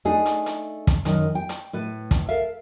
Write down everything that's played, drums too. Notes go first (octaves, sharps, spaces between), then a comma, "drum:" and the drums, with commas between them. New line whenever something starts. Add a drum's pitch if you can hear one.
A3 D4 D#4 G#4
drum: hi-hat
drum: hi-hat
drum: kick, hi-hat
F#2 D#3, drum: hi-hat
G5
drum: hi-hat
A2 B4
drum: kick, hi-hat
A4 A#4 E5 F5